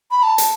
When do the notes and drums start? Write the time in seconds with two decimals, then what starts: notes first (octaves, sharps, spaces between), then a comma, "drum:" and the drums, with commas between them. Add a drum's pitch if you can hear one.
0.11 B5
0.23 A5
0.38 drum: hi-hat